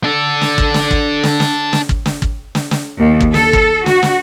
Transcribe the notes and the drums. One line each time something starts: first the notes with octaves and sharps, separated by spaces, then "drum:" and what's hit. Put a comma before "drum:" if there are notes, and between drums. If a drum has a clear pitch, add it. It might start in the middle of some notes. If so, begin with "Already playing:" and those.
D4 A4
drum: snare
drum: kick
drum: snare
drum: kick
drum: snare
drum: snare
drum: snare
drum: kick
drum: snare
drum: kick
drum: snare
drum: snare
D#2
drum: kick
A4, drum: snare
drum: kick
F#4, drum: snare
drum: snare